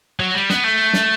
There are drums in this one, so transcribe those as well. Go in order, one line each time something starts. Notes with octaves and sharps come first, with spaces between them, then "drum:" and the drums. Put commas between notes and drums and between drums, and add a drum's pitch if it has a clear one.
F#3
G3
B3, drum: snare
A3
drum: snare